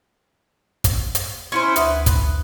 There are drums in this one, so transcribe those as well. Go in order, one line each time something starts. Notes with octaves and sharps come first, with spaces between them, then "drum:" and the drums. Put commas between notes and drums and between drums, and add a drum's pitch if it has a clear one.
drum: kick, hi-hat
drum: hi-hat
C#4 E4 C5
D2 B4 E5 D#6, drum: hi-hat
drum: kick, hi-hat